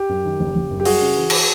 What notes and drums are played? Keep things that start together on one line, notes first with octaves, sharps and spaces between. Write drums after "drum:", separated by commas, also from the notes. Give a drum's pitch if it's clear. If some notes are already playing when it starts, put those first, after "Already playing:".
Already playing: G4
F#2
D#3
F#1
F#1
F#2
G4
G3 F#4 G#4, drum: open hi-hat
C#3
E3
drum: cymbal